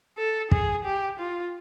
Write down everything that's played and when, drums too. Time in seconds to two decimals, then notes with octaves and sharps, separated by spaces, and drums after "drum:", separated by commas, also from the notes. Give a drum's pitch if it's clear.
0.18 A4
0.51 G#4, drum: kick
0.85 G4
1.19 F4